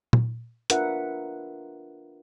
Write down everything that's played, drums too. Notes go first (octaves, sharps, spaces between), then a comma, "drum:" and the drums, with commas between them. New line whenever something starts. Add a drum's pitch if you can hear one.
drum: tom
D4 F4 A#4 B4 E5 F#5, drum: hi-hat